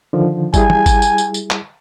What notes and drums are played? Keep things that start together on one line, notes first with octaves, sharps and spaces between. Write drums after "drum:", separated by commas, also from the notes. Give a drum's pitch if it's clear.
D3 D#3 F3
G3 E4 G#4 G#5, drum: kick G1, tambourine
drum: tom
drum: kick G1, tambourine
drum: tambourine
drum: tambourine
drum: tambourine
drum: clap